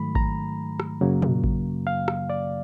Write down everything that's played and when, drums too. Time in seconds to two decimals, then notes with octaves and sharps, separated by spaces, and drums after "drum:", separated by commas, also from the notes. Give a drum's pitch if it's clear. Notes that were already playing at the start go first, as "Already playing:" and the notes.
Already playing: G#2 D#3 F#3 A3 B5
0.15 A#5, drum: kick A1
0.80 drum: rim click
1.01 F#2 C#3 F#3 A#3
1.22 drum: tom A#2
1.44 drum: kick A1
1.87 F5
2.08 drum: rim click
2.30 D5